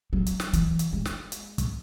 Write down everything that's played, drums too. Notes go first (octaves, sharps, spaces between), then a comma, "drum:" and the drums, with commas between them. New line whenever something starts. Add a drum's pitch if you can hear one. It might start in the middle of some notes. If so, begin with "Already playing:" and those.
F#3
drum: hi-hat
drum: snare
E3, drum: hi-hat
drum: hi-hat
G#3
drum: snare
drum: hi-hat
drum: kick, hi-hat